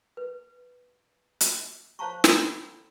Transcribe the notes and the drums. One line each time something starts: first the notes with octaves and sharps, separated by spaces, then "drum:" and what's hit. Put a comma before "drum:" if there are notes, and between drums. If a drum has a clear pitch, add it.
B4
drum: hi-hat
C5 C#5 F5 A5 A#5 C#6
C#4 E4 A4 B5 C6, drum: snare